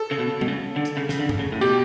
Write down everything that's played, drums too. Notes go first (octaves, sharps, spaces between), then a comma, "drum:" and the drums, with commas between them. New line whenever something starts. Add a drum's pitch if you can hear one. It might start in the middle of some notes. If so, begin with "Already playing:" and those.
Already playing: A4
C#3
B2
B2, drum: tom G3
C#3
D3
drum: hi-hat
C#3
C#3, drum: snare
D3
drum: tom G2
C#3
A2
B2 G4